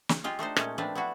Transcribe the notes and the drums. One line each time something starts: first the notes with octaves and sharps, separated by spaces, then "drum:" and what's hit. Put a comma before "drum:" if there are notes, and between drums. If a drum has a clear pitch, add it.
drum: snare
G#3 F4 G4
A3 D4 D#4 C5
A#2 G#3 A3 C#4, drum: rim click
F3 A3 C4 D4 B4
B3 D4 E4 F#4